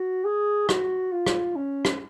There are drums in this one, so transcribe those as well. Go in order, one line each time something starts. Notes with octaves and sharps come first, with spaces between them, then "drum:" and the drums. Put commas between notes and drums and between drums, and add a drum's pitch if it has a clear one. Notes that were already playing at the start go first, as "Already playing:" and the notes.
Already playing: F#4
G#4
F#4, drum: rim click
F4
drum: rim click
C#4
drum: rim click